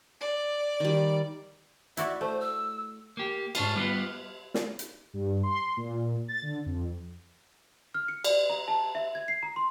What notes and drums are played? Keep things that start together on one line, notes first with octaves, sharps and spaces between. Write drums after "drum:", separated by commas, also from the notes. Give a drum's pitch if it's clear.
D5
D#3 G3
E4 F#4 D5 E5, drum: hi-hat
A3 C5
E6
A#3 G4
G#2 C#4 D4 F4, drum: cymbal
G3 B3 F4 B4
drum: snare
drum: hi-hat
G2
C6
A#2
A6
D3
F2
F6
C#7
D5, drum: cymbal
A#5
A5
E5
G#6
C7
A#5
C6